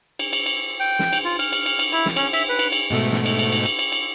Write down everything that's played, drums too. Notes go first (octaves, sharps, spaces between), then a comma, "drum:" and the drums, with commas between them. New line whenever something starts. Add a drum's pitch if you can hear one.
drum: cymbal
drum: cymbal
drum: cymbal
G5
drum: snare
drum: cymbal
F4
F6, drum: cymbal
drum: cymbal
drum: cymbal
drum: cymbal
E4, drum: cymbal
drum: snare
C#4, drum: cymbal
E5, drum: cymbal
B4
drum: cymbal
drum: cymbal
G#2 B2 A3
drum: snare
drum: cymbal
drum: cymbal
drum: cymbal
drum: cymbal
drum: cymbal
drum: cymbal